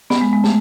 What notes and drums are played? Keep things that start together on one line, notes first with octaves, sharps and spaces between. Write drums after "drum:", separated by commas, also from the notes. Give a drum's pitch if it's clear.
B3, drum: snare
G#3
G#3
A3, drum: snare